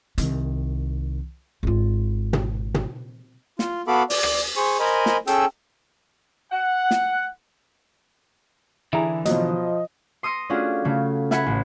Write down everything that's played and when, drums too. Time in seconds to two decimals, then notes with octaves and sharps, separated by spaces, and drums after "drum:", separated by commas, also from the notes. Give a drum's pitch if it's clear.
0.18 C2 D#3, drum: hi-hat
1.63 G#1 F4
2.33 drum: tom
2.74 drum: tom
3.59 F4, drum: snare
3.88 B3 F#4 A4 F5 B5 D6
4.10 D5, drum: open hi-hat
4.23 drum: rim click
4.56 G#4 C5 C#6
4.80 A#4 C5 D#5 G#5 B5
5.06 drum: snare
5.27 C#4 G#4 A4 G5 E6, drum: hi-hat
6.51 F#5
6.91 drum: snare
8.93 D3 E3 E4 G#4 A#5
9.25 B2 F3 F#3 D#5, drum: hi-hat
10.23 C6 D#6 E6 A#6 C#7
10.50 A3 C#4 D4 F4 F#4 G#4
10.85 C#3 A3
11.31 E5 F#5 G#5 B5 C#7, drum: snare
11.46 A1